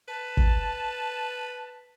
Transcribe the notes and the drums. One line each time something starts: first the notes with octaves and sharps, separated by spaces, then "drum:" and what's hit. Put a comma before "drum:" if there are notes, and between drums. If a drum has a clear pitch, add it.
B4 A5
drum: kick